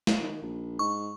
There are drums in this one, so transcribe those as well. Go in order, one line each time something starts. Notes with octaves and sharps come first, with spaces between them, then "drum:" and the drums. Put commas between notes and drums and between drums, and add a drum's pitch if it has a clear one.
drum: snare
D#3
A#1
G#2 C#6